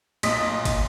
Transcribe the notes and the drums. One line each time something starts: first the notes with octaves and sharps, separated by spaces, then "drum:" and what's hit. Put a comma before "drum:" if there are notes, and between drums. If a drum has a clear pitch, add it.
B1 A#2 D#5 D#6 B6, drum: cymbal
drum: kick, cymbal